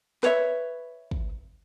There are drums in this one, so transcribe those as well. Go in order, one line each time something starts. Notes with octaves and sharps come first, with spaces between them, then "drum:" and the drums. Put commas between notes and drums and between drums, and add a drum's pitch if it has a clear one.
B4 C#5 E5, drum: clap
drum: kick